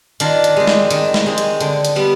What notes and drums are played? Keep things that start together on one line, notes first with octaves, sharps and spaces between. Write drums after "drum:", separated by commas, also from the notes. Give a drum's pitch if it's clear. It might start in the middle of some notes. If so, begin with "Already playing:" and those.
D#3 D4 F4, drum: hi-hat
drum: hi-hat
G#3 C4
drum: snare
D#3, drum: hi-hat
drum: snare
G#3 C4
drum: hi-hat
D3, drum: hi-hat
drum: hi-hat
G3 B3